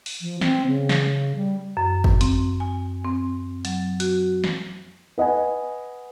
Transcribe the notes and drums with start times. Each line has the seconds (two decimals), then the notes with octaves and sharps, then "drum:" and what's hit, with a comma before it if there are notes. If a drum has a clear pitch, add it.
0.06 drum: open hi-hat
0.21 F3
0.41 C4, drum: snare
0.67 C#3
0.89 drum: snare
1.36 G3
1.77 F#2
2.04 drum: kick
2.21 C4, drum: hi-hat
2.60 G#5
3.05 C4
3.65 F#3, drum: hi-hat
4.00 F#4, drum: hi-hat
4.44 drum: snare
5.18 B4 D#5 F#5 G#5